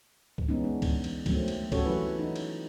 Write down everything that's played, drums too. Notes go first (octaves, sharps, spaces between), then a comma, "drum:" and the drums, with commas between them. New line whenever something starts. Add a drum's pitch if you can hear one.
drum: kick C#2
E3 G#3 B3 C#4 D#4
D4
drum: kick C#2, cymbal
drum: cymbal
D#3 F#3 A3 C4, drum: kick C#2, cymbal
drum: cymbal
C#4 F#4 G4 A4 C#5, drum: kick C#2, cymbal
E3 F#3 E4 B4
D#4
drum: cymbal